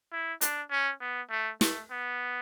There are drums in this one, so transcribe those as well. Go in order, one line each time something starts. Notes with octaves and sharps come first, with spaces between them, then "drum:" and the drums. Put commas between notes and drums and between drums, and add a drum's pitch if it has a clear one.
E4
D4, drum: hi-hat
C#4
B3
A3
A3, drum: snare
B3